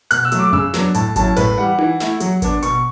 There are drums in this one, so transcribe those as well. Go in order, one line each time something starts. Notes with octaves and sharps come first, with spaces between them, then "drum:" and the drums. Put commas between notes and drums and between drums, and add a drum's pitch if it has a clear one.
B2 F#6, drum: hi-hat
E6
F#3 A3, drum: hi-hat
D6
C#3 E6, drum: tom F2
F#3 B3 D4, drum: snare
A2 A5, drum: hi-hat
F#3 C#4 E4 A5, drum: kick G#1, hi-hat
A2 B4, drum: hi-hat
E3 G3 F#5
E3, drum: tom D#4
A3 E4, drum: snare
F#3, drum: hi-hat
B3 D4, drum: kick G#1, hi-hat
B2 C#6, drum: hi-hat